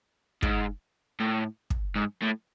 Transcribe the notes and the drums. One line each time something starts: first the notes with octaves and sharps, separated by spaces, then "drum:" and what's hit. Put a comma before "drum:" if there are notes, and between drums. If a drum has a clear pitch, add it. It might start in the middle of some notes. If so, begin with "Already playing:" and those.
G#2, drum: kick
A2
drum: kick
G#2
A2